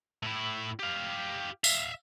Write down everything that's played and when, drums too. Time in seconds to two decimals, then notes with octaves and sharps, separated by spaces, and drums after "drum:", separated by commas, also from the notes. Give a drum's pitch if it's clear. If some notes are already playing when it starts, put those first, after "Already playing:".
0.23 A2 E4
0.79 G4 F5
1.64 E5 F5, drum: tambourine